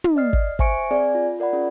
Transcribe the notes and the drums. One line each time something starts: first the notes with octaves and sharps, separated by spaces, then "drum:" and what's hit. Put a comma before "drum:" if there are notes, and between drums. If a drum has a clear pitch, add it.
drum: tom
D5 D#5 F6 C7
drum: kick
C5 E5 G#5 C#6 C#7 D7, drum: kick
C4 G#4 D5 G#5
F4
F4 A#4 D5 F#5 B5
C#4 F4 G#4